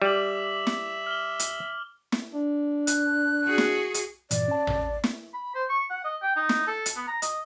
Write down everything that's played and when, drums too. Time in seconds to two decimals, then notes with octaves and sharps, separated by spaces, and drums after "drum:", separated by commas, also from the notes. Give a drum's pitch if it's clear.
0.02 G3 E5 D6 F#7
0.67 drum: snare
1.06 F6 G7
1.39 drum: hi-hat
2.12 drum: snare
2.33 D4
2.87 F#6, drum: hi-hat
3.45 F#4 G#4
3.58 drum: snare
3.94 drum: hi-hat
4.31 G2 A#2 E3 D5, drum: hi-hat
4.48 C#4 A5
4.67 drum: tom A1
5.04 drum: snare
5.34 B5
5.55 C5
5.69 C#6
5.90 F#5
6.04 D#5
6.22 G5
6.36 D#4
6.49 drum: snare
6.67 A4
6.86 drum: hi-hat
6.96 B3
7.07 A#5
7.22 D#5, drum: hi-hat